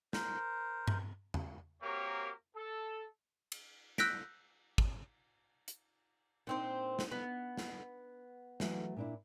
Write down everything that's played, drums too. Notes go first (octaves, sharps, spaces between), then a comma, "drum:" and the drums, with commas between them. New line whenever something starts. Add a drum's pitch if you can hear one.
A#4 C5, drum: snare
drum: tom G2
drum: tom E2
A#3 C4 F#4 G4 A#4 C#5
A4
drum: cymbal
E6 F#6 G6 A#6 B6 D7, drum: snare
drum: kick
drum: hi-hat
A#2 C4 D4 D#4 C5
drum: snare
B3
drum: snare
E3 F#3 A3, drum: snare
A#2 D4 E4